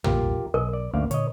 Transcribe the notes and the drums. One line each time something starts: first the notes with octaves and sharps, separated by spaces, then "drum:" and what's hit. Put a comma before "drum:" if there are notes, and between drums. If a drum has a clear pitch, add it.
C2 F2 A#2 F4 G4 A#4, drum: tom
B1 A#4 D#5
D5
G#1 D2 A#3 C#4 D5 F5
A#2 D3 C#5 D#5, drum: hi-hat